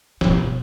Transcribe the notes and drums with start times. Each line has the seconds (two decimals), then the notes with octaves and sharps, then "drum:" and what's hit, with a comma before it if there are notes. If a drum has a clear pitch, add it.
0.21 A#2, drum: snare
0.26 B2